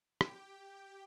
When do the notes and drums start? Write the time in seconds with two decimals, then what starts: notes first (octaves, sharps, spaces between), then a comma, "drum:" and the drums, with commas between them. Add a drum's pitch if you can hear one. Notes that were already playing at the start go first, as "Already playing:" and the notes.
0.21 G4 G5, drum: rim click